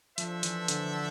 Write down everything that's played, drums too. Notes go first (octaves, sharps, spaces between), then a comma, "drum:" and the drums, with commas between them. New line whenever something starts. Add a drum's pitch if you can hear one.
F3 D4 A4 C5 E5, drum: hi-hat
E3, drum: hi-hat
D3, drum: hi-hat
D3